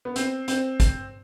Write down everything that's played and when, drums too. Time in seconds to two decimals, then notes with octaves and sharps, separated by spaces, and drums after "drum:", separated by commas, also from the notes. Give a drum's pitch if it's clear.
0.05 B3
0.16 C4, drum: hi-hat
0.48 C4, drum: hi-hat
0.80 drum: kick, hi-hat